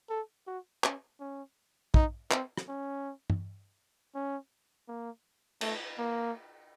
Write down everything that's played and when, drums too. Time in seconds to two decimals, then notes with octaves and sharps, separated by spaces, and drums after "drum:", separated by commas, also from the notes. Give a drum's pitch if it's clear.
0.10 A4
0.47 F#4
0.84 C#4, drum: clap
1.20 C#4
1.94 D#4, drum: kick
2.31 C4, drum: clap
2.57 drum: rim click
2.68 C#4
3.30 drum: tom G2
4.15 C#4
4.88 A#3
5.61 A3, drum: cymbal
5.98 A#3